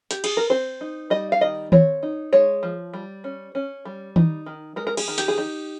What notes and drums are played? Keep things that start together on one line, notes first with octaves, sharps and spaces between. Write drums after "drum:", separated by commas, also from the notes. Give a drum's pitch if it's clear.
G4, drum: hi-hat
G#4, drum: cymbal
A#4
C4 C5
D#4
G3 D#5
F5
D#3 D#5
C4 C#5, drum: tom D#3
D#4
G#3 C#5
F3
G3
C#4
C#4
G3
D#4, drum: tom D#3
D#3
G#3 A#4
A#4
G#4, drum: cymbal
D#3
G4, drum: hi-hat
G#4
D#4 G4